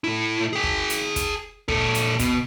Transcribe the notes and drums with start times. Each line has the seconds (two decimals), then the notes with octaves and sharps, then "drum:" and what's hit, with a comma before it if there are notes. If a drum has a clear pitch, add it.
0.04 A2 E4
0.53 G#4 G5
0.63 drum: kick
0.90 drum: hi-hat
1.16 drum: kick, hi-hat
1.68 A#2 A4, drum: kick
1.95 drum: hi-hat
2.19 B2, drum: kick, hi-hat